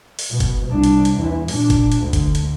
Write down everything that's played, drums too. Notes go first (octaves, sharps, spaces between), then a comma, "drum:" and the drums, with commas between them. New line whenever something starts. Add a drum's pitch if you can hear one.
drum: open hi-hat
B2
drum: kick F#1, hi-hat
C2 D4
drum: hi-hat
drum: hi-hat
E2 E3
A#2 D4, drum: open hi-hat
drum: kick F#1, hi-hat
drum: hi-hat
D2 D3
drum: kick F#1, hi-hat
drum: hi-hat